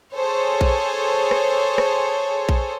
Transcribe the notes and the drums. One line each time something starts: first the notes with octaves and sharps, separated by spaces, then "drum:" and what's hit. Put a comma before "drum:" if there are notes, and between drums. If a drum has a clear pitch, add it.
G#4 A4 C5 C#5
drum: kick A#1
drum: rim click
drum: rim click
drum: kick A#1